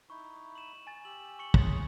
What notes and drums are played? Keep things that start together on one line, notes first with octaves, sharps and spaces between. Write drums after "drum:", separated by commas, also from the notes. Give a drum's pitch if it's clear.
D#4 E4 C#6
D#7 E7 F#7
G#5 A6
G4 E6 F#7
C#6 C#7 F#7
G#4 C#5 C6 D#6 G6 A6, drum: kick